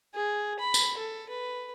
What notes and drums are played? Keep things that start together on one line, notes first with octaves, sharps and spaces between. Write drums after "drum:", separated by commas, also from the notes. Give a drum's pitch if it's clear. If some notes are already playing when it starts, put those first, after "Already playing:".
G#4
B5
drum: tambourine
A4
B4